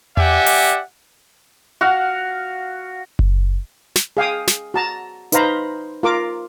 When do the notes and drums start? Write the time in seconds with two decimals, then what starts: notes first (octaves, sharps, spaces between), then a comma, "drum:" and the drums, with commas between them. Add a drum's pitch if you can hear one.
0.17 G4 D5 E5 F#5 G#5, drum: tom E2
0.46 drum: open hi-hat
1.81 F#4 F5 F#5
3.19 drum: kick F#1
3.96 drum: snare
4.17 G#4 F5 G5 D#6
4.47 drum: snare
4.74 F#4 A5 A#5
5.32 D#4 B4 C5 F5 A#5 B5, drum: hi-hat
6.03 F4 A#4 D6